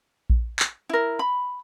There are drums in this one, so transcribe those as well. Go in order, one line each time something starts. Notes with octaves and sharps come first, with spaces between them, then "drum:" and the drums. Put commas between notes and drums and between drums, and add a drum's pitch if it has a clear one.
drum: kick A#1
drum: clap
E4 A#4
B5